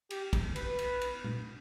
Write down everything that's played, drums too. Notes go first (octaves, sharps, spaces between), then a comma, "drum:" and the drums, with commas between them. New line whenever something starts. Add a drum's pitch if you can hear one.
G4, drum: cymbal
drum: kick, cymbal
B4, drum: cymbal
drum: cymbal
drum: cymbal
drum: tom A#2